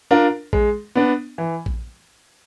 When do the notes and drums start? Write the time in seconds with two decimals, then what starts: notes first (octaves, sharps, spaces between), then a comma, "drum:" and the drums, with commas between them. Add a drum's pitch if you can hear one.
0.11 D4 F4 A#4
0.53 G#3, drum: kick A#1
0.95 B3 D4
1.38 E3
1.66 drum: kick A#1